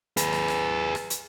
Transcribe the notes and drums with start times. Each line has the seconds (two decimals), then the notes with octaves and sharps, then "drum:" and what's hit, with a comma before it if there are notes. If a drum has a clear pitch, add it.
0.17 G#4 B4, drum: hi-hat
0.33 drum: rim click
0.48 drum: rim click
0.95 drum: rim click
1.10 drum: hi-hat